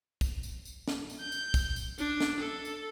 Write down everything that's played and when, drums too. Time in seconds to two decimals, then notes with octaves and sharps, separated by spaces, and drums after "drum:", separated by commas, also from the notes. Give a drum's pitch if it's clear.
0.21 drum: kick, tambourine
0.43 drum: tambourine
0.65 drum: tambourine
0.88 drum: snare
1.10 drum: tambourine
1.20 G6
1.32 drum: tambourine
1.54 drum: kick, tambourine
1.76 drum: tambourine
1.98 D4, drum: tambourine
2.21 drum: snare
2.40 A4
2.65 drum: tambourine